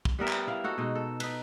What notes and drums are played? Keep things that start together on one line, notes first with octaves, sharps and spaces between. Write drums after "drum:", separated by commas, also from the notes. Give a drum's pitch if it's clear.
drum: kick
G3 B3 A#4 E5
drum: clap
E4 F5
D#4 F#4 A4
B2 G#3 D#4
A4
D#4 B4, drum: cymbal